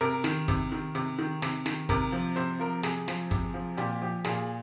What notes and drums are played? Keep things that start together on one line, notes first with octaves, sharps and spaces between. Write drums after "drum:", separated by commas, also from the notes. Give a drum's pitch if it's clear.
C3 A#4
D#3, drum: snare
C3, drum: kick, hi-hat
D#3
C3, drum: hi-hat
D#3
C3, drum: snare
D#3, drum: snare
C3 A#4, drum: kick, hi-hat
F3
C3 C5, drum: hi-hat
F3 A#4
C3 G#4, drum: snare
F3, drum: snare
C3, drum: kick, hi-hat
F3
A#2 G4, drum: hi-hat
F3 G4
A#2 G#4, drum: snare